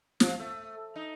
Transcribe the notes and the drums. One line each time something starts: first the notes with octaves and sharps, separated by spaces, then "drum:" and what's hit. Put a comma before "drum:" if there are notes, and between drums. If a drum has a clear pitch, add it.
F3, drum: snare
A3
D#4